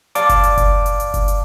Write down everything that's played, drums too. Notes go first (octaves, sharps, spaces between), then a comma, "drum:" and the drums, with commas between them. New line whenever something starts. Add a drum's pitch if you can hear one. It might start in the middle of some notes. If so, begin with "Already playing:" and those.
D5 F5 A5 D6, drum: hi-hat
drum: kick F#1, hi-hat
drum: hi-hat
drum: kick F#1, hi-hat
drum: hi-hat
drum: hi-hat
drum: kick F#1, hi-hat
drum: hi-hat